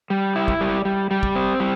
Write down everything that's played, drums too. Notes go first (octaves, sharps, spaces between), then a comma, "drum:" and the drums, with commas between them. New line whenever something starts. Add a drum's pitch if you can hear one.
G3
E4
drum: kick
G3
G3
G3
drum: kick
C4
G3